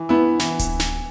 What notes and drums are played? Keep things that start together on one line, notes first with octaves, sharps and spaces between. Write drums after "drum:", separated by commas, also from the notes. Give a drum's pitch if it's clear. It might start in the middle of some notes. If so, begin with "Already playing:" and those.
Already playing: E3
B3 E4
E3, drum: snare
drum: kick D1, hi-hat
drum: snare